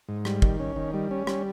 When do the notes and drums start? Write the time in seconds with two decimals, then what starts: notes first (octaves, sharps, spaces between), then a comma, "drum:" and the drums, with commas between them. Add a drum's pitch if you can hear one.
0.08 G#2
0.25 G3, drum: rim click
0.42 D#3, drum: kick
0.60 C#4
0.76 D#3
0.94 G3
1.11 C#4
1.27 G3, drum: rim click